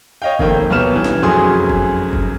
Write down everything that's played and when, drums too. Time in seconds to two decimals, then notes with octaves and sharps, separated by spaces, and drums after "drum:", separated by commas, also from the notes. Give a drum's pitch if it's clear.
0.22 C#5 D#5 F5 G5
0.39 F1 D#3 A#3 G5, drum: kick
0.70 B1 G3 B3 F6 E7
0.95 E3
1.04 drum: snare
1.22 F1 F#2 F#3 G#4 C6 D#6
1.70 drum: kick
2.13 drum: kick